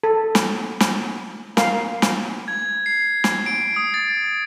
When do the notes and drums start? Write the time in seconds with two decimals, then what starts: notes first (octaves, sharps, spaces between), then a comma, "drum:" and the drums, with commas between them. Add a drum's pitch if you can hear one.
0.04 A4
0.35 drum: snare
0.80 drum: snare
1.57 A#4 F5, drum: snare
2.02 drum: snare
2.48 G#6
2.86 C7
3.24 drum: snare
3.46 D7
3.76 D#6
3.94 A6